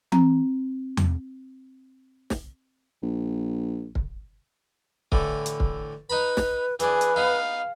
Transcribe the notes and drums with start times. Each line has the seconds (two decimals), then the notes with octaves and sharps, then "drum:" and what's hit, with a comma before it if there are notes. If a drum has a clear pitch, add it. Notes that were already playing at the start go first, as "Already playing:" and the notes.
0.12 C4 A#5, drum: tom E3
0.97 drum: tom E2
2.30 drum: snare
3.02 A#1
3.95 drum: kick
5.12 A2 D3 E3, drum: kick
5.46 drum: hi-hat
5.60 drum: kick
6.10 D#4 B4 A#5 B5
6.37 drum: snare
6.80 E3 D4 G#4 B4, drum: hi-hat
7.01 drum: hi-hat
7.16 B3 D#4 F5